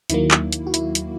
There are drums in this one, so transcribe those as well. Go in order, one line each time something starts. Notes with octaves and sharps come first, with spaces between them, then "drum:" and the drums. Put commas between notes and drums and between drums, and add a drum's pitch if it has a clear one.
D#2 D#3 F#3 A#3 E4, drum: hi-hat
drum: clap
drum: hi-hat
F#4
E4, drum: hi-hat
drum: hi-hat